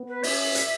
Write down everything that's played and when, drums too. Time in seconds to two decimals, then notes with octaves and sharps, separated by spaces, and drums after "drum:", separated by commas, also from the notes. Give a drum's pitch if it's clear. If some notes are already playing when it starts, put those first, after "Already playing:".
Already playing: B3
0.08 B4
0.23 C#4 E5, drum: open hi-hat
0.55 drum: hi-hat